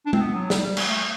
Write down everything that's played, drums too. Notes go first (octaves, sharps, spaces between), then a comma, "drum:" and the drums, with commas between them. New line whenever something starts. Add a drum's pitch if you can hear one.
D4
C4, drum: tom
B3
F#3
G3, drum: snare
G3
drum: cymbal
A3